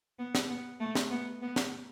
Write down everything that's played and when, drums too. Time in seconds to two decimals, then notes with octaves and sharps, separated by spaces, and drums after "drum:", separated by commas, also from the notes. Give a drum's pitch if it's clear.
0.19 B3
0.35 drum: snare
0.50 B3
0.80 A3
0.95 drum: snare
1.11 B3
1.42 B3
1.56 drum: snare